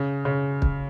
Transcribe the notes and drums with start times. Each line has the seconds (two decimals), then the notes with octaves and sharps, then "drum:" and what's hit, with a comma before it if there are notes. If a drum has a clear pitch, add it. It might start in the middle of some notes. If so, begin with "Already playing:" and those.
Already playing: C#3
0.25 C#3
0.62 drum: kick